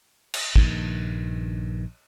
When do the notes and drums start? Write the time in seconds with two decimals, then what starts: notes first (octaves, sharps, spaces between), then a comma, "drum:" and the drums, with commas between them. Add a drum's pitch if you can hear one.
0.34 drum: cymbal
0.56 A#1 G2 D#3, drum: kick